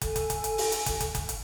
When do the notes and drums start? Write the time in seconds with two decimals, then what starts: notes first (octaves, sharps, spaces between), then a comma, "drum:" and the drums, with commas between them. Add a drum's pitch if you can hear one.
0.01 A4 G#5, drum: kick, hi-hat
0.16 drum: kick, hi-hat
0.30 drum: kick, hi-hat
0.44 drum: hi-hat
0.58 drum: open hi-hat
0.72 drum: hi-hat
0.86 drum: kick, hi-hat
1.00 drum: kick, hi-hat
1.15 drum: kick, hi-hat
1.29 drum: hi-hat